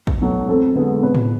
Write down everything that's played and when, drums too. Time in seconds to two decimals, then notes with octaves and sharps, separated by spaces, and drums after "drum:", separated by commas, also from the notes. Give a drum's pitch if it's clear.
0.07 drum: kick
0.21 B2 F#3 A3
0.48 F2 A4
0.75 D3 G#3 B3
1.02 B2 B4
1.15 drum: tom A2